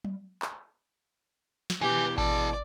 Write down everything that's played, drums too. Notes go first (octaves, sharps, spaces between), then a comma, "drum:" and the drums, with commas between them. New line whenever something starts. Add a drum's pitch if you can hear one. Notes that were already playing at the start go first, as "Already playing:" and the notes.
drum: tom F#3
drum: clap
drum: snare
B2 E3 G4 B4 G#5
G#4 D5 A5, drum: kick G#1